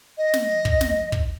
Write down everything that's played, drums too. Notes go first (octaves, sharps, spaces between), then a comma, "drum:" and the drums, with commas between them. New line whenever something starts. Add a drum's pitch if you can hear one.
D#5
drum: snare
drum: kick
drum: snare
drum: kick